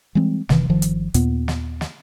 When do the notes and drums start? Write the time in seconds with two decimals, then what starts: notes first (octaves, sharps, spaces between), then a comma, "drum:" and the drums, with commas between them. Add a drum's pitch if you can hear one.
0.15 E3 G3 G#3 C4
0.49 F1 C3 D#3 E3, drum: snare
0.69 G1 D#3 F3
0.82 drum: hi-hat
1.14 D#2 A#2 B3, drum: hi-hat
1.48 drum: snare
1.81 drum: snare